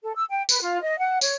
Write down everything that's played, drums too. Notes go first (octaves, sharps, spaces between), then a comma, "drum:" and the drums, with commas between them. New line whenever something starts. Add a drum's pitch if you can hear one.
A4
E6
G5
B4, drum: tambourine
F4
D#5
F#5
C#5, drum: tambourine